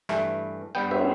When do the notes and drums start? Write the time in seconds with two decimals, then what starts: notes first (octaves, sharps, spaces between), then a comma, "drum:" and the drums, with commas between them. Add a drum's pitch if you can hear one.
0.09 G2 E3 A3, drum: rim click
0.75 G2 G3 B3 G5
0.91 E5, drum: cymbal